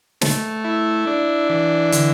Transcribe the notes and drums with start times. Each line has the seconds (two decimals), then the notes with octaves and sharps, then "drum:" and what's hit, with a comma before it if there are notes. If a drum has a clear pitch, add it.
0.21 A3, drum: snare
0.64 E4
1.07 D4
1.50 E3
1.92 D3, drum: hi-hat